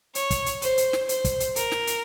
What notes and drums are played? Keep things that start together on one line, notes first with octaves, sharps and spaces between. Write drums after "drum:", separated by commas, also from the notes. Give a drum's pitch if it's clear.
C#5, drum: hi-hat
drum: kick, hi-hat
drum: hi-hat
C5, drum: hi-hat
drum: hi-hat
drum: snare
C5, drum: hi-hat
drum: kick, hi-hat
drum: hi-hat
A#4, drum: hi-hat
drum: snare
drum: hi-hat